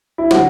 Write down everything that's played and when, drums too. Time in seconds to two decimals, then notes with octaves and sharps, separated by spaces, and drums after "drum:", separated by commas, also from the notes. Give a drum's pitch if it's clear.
0.18 E4
0.31 D3 F#3 F#4, drum: snare